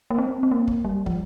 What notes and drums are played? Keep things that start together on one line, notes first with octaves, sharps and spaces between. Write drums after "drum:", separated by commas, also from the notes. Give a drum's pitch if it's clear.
A#3
C4
C4
A#3
drum: kick
G3
F3, drum: kick